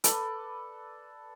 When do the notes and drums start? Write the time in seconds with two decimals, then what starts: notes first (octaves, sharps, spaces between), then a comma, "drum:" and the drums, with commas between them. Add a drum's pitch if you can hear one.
0.04 A4 B4 D5, drum: hi-hat